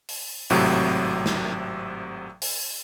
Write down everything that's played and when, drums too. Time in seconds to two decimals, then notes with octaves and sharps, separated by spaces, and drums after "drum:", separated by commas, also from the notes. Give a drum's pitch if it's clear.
0.09 drum: open hi-hat
0.50 G#1 A2 C3 F#3, drum: open hi-hat
1.26 drum: snare
2.42 drum: open hi-hat